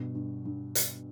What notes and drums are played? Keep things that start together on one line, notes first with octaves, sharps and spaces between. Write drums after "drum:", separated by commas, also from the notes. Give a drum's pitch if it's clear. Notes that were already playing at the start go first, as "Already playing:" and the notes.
Already playing: G2 B2
G2
G2
drum: hi-hat